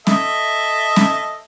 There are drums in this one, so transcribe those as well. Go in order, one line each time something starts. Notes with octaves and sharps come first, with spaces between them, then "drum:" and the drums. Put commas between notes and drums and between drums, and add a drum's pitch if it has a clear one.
A4 D#5 E5, drum: snare
drum: snare